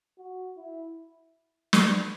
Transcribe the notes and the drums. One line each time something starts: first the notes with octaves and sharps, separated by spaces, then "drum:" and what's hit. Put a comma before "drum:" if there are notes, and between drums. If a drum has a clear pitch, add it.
F#4
E4
drum: snare